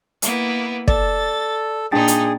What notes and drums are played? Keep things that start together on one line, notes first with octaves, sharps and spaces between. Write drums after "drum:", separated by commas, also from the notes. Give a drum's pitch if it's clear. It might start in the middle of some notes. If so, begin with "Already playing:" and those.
A#3 B3 E4, drum: hi-hat
A4 D5 A6, drum: kick
A#2 D4 D#4 G#4 G5 A6
drum: hi-hat